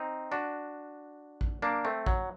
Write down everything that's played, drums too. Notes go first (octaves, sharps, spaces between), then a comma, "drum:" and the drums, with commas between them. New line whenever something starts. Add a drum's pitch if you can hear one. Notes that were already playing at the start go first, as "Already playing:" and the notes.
Already playing: C4 D#4
D4 F#4
drum: kick
A#3 D4
A3 C4
F#3, drum: kick